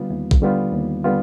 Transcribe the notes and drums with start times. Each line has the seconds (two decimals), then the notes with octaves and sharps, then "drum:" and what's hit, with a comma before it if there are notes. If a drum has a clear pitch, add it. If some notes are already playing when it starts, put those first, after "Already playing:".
Already playing: D3 G3 B3 F4
0.10 D#2
0.31 drum: kick
0.42 D3 G3 B3 F4
0.72 D#2
1.04 D3 G3 B3 F4